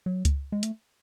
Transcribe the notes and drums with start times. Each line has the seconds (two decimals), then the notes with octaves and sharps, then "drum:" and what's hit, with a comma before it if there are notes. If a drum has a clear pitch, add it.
0.06 F#3
0.25 drum: kick C#2, hi-hat
0.52 G#3
0.63 A3, drum: hi-hat